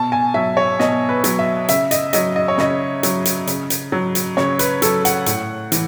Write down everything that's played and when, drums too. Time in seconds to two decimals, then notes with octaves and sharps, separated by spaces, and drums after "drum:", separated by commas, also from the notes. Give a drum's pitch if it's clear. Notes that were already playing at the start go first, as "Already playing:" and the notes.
Already playing: B2 A5
0.12 G#5
0.34 F#3 E5
0.57 C#5
0.80 B2 D#5, drum: snare
1.09 B4
1.24 F#3, drum: hi-hat
1.39 E5
1.69 C#3 E5, drum: hi-hat
1.91 D#5, drum: hi-hat
2.13 F#3 D#5, drum: hi-hat
2.36 D#5
2.48 C#5
2.58 C#3 D#5, drum: snare
3.03 F#3, drum: hi-hat
3.25 drum: hi-hat
3.47 C#3, drum: hi-hat
3.70 drum: hi-hat
3.92 F#3
4.15 drum: hi-hat
4.37 C#3 C#5, drum: snare
4.59 B4, drum: hi-hat
4.82 F#3 A4, drum: hi-hat
5.05 F#5, drum: hi-hat
5.26 A2, drum: hi-hat
5.72 E3, drum: hi-hat